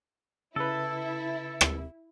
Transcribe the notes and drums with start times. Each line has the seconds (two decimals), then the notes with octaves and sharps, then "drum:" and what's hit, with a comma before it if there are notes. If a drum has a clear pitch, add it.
0.56 C#3 E4 A4 B4
1.61 drum: rim click